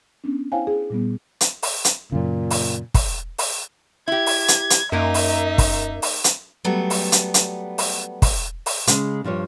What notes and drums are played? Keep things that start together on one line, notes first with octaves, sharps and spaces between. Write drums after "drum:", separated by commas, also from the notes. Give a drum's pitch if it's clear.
B3 C#4 D4
E4 C5 C#5 F5 G5 G#5
G#4
A#2 G3 B3
drum: hi-hat
drum: open hi-hat
drum: hi-hat
F#2 A#2 C#3
drum: open hi-hat
drum: kick, open hi-hat
drum: open hi-hat
E4 G4 G#6
drum: open hi-hat
drum: hi-hat
drum: hi-hat
F#2 A#3 D#4 A#4 E5
drum: open hi-hat
drum: kick, open hi-hat
drum: open hi-hat
drum: hi-hat
F#3 G3 A3 B3
drum: open hi-hat
drum: hi-hat
drum: hi-hat
drum: open hi-hat
drum: kick, open hi-hat
drum: open hi-hat
C#3 G#3, drum: hi-hat
G2 F3 G3 C#5